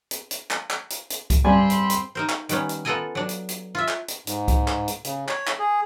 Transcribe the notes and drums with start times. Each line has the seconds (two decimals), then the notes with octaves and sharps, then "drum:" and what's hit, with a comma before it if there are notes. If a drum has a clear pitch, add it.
0.11 drum: hi-hat
0.31 drum: hi-hat
0.51 drum: clap
0.70 drum: clap
0.90 drum: hi-hat
1.10 drum: hi-hat
1.30 drum: kick C2, hi-hat
1.45 G2 C4 D5 G#5 B5 C6
1.70 drum: hi-hat
1.90 drum: hi-hat
2.15 D#4 A#4 C5
2.29 drum: clap
2.49 D#3 G3 B3 C#4, drum: hi-hat
2.69 drum: hi-hat
2.85 B3 F4 A4 A#4 D#5 G#5
3.15 F#3 D4
3.29 drum: hi-hat
3.49 drum: hi-hat
3.75 F4 E5
3.88 drum: clap
4.08 drum: hi-hat
4.27 G#2, drum: hi-hat
4.48 drum: kick C2, hi-hat
4.68 drum: clap
4.88 drum: hi-hat
5.04 C#3, drum: hi-hat
5.28 C#5, drum: clap
5.47 drum: clap
5.59 G#4